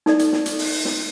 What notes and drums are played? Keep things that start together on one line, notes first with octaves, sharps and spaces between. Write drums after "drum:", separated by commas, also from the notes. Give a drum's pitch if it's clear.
D#4 A4 D5, drum: snare
drum: hi-hat
drum: snare
drum: hi-hat
drum: open hi-hat
drum: open hi-hat
drum: snare